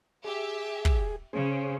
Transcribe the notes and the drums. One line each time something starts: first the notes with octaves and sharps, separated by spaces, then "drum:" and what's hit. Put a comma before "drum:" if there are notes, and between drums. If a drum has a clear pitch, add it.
G4 G#4 E5
drum: kick
C#3 C#4 G#4 C5